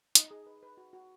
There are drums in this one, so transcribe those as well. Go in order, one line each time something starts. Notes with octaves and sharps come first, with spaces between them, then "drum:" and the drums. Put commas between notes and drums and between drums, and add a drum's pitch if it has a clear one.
D#4 D#5, drum: hi-hat
G#4
B4
B4
F#4
F#4